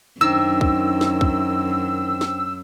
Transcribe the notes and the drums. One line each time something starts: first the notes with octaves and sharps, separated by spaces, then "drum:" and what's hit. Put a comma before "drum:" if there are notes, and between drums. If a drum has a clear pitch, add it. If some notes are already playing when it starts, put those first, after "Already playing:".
F#2 D#3 D4 C5 G5 E6
drum: kick
drum: snare
drum: kick
drum: snare